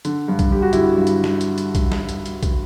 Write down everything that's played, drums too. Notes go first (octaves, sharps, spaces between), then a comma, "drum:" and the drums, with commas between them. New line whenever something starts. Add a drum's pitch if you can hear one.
D3, drum: hi-hat
G2
drum: kick B1, hi-hat
D3 G4
F#4
D3 E4, drum: hi-hat
G2
drum: hi-hat
drum: snare
drum: hi-hat
drum: hi-hat
drum: kick B1, hi-hat
drum: snare
drum: hi-hat
drum: hi-hat
drum: kick B1, hi-hat